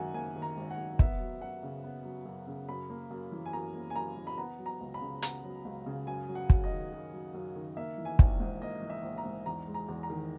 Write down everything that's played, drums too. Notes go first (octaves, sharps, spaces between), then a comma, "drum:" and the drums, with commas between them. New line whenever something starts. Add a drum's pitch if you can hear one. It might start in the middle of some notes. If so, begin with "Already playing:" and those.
Already playing: G#1 F#2 D#3 A#3 E5 F#5 G#5
A#3 G#5
D#3
A#5
G#1
F#5
F#2
B3 E5, drum: kick
F#3
F#2 F#5
C#3
B3
F#3
F#2
C#3
F#2 B5
A#3
F#2
E3
G#5
F#2 A#5
A#3
G#5
F#2 A#5
E3
B5
B3 A#5
F#3
A#5
C#2
B5
C#3
B3 A#5, drum: hi-hat
F#3
C#2
C#3
F#2 G#5
F#3
F#5
F#2, drum: kick
D#5
D#3
F#2
F#3
F#2
D#3
A#3 E5
E3
G#5
A#1, drum: kick
G#2
A#3 D#5
E3
E5
A#1
A#5
G#2
E2 A#5
G#3
A#5
E2
A#5
D#3